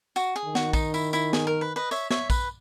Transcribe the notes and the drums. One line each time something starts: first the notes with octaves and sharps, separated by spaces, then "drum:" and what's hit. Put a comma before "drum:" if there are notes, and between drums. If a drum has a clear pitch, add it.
F#4, drum: tambourine
G#4
D#3
F#4, drum: snare
D#4, drum: kick A#1, tambourine
E4, drum: tambourine
E4, drum: tambourine
G#4, drum: snare
A#4
B4
B4 D#5
C#5 E5, drum: tambourine
C#5 E5, drum: snare
B4, drum: kick A#1, tambourine